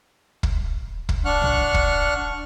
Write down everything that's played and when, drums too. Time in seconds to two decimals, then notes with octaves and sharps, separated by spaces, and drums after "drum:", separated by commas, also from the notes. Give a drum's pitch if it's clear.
0.43 drum: kick
1.09 drum: kick
1.25 D4 F#5 C#6 F6 F#6
1.42 drum: tom B1
1.74 drum: kick